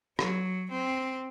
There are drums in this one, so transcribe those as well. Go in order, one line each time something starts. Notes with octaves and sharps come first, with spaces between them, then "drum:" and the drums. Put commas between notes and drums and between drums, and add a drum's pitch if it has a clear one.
F#3, drum: rim click
C4